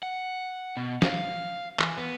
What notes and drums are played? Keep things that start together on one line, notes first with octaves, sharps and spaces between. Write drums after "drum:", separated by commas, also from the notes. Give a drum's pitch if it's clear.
F#5
B2
F5, drum: snare
E3, drum: clap
B3